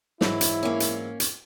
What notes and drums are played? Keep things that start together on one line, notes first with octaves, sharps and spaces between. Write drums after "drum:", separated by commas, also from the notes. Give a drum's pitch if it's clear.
G#2 E3 F#3 E4, drum: snare
drum: hi-hat
A#3 C#4
drum: hi-hat
drum: hi-hat